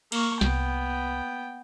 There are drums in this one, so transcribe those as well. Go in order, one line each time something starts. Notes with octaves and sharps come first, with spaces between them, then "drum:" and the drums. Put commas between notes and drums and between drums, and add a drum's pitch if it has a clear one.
A#3 C#6, drum: cymbal
C2 B3 G5, drum: snare